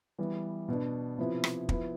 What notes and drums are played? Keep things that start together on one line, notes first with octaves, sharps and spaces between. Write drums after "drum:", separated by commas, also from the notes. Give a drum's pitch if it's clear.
E3 G3 B3
B2 B3 D4
C3 F3 B3 E4
drum: rim click
F3 B3 E4, drum: kick